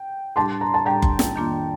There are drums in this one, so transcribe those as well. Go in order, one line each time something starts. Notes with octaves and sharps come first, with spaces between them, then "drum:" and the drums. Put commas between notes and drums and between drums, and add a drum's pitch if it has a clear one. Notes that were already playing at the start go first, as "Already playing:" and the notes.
Already playing: G5
A2 G3 D4 G4 A5 C6
A#5
A5
A2 G3 D4 G4 G5 A#5
drum: kick F#1
drum: snare
F2 D#3 A#3 D4 F4